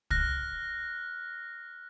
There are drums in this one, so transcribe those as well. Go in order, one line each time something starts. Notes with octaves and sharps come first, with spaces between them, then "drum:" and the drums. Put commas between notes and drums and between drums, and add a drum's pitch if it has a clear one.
F6 F#6 A#6, drum: kick